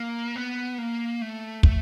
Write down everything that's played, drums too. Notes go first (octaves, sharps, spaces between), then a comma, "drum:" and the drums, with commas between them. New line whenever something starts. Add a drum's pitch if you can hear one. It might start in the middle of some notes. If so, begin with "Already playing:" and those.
Already playing: A#3
B3
A#3
A3
A3, drum: kick